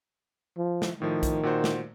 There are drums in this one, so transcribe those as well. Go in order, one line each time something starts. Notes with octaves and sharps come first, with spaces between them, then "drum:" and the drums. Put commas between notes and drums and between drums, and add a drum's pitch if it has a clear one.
F3
drum: snare
A2 D#3 F3
drum: kick, hi-hat
A#2 F#4 C5
drum: snare